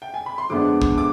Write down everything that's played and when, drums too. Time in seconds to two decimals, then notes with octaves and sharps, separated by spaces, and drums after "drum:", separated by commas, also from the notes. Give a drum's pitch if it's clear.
0.02 G5
0.14 G#5
0.26 B5
0.38 C6
0.50 F2 D3 G#3 B3 D4 D6
0.82 drum: kick
0.98 D6